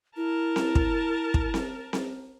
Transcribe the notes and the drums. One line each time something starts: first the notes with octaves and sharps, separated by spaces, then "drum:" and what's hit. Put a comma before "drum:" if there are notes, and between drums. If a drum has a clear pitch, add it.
E4 A#4 A5
drum: snare C4
drum: kick
drum: kick
drum: snare C4
drum: snare C4